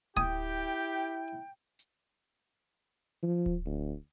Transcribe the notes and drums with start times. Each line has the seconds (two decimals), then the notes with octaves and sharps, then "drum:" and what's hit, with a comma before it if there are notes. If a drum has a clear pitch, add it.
0.17 E4 G4 G5 G#5 D#6, drum: kick D1
1.79 drum: hi-hat
3.23 F3
3.46 drum: kick D1
3.66 D2